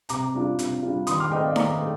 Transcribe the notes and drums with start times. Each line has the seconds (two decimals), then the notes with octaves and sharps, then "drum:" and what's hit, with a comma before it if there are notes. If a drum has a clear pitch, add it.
0.09 C3 A#5 D6, drum: hi-hat
0.33 G3 D4 F4
0.59 C3, drum: hi-hat
0.83 G3 D4 F4
1.07 D#3 C6 D#6, drum: hi-hat
1.20 D6 F6
1.31 A3 C4 D#5 G5
1.43 D5 F5
1.56 D#3 A#5 D6, drum: snare D#4
1.81 A3